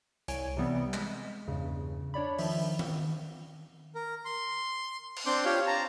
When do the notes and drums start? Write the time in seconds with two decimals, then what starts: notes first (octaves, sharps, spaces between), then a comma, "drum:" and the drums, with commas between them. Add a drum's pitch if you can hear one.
0.28 C2 C#5 G#5 D7, drum: hi-hat
0.57 C3 E3 G3 B3 C4
0.93 G#3, drum: clap
1.48 E2 G2 C#3
2.14 D4 C#5 D5 B5
2.39 D#3 F3 E5, drum: open hi-hat
2.79 drum: tom D#3
3.95 A#4
4.25 C6
5.16 drum: cymbal
5.26 C4 D4 C6 D6 G6
5.45 F4 G4 C#5 F5
5.67 A5 A#5